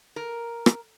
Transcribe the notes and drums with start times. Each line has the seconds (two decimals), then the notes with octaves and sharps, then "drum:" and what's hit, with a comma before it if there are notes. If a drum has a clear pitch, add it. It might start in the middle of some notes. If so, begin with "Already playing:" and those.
0.16 A#4
0.66 drum: rim click